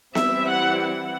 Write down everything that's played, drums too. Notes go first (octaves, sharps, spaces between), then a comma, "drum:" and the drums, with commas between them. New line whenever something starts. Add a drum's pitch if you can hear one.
E3 G3 C4 E4 E5, drum: snare B3
F#5
F#5